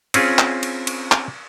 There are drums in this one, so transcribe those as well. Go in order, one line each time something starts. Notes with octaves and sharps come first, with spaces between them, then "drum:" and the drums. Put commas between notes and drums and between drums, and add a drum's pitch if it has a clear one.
C4 C#4 F4 G#4, drum: cymbal
drum: clap
drum: cymbal
drum: cymbal
drum: clap